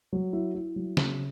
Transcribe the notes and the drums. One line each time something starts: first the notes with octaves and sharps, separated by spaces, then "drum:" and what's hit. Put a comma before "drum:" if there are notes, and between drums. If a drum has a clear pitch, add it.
F#3
E4
E4
F#3
C#3, drum: snare